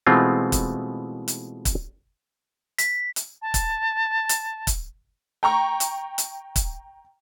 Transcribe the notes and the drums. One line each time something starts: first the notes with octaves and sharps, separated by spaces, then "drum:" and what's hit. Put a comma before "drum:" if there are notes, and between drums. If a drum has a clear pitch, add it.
B2 E3 G#3 A3 C4 F4
drum: kick, hi-hat
drum: hi-hat
drum: kick, hi-hat
B6, drum: hi-hat
drum: hi-hat
A5
drum: kick, hi-hat
drum: hi-hat
drum: kick, hi-hat
G5 A#5 C#6
drum: hi-hat
drum: hi-hat
drum: kick, hi-hat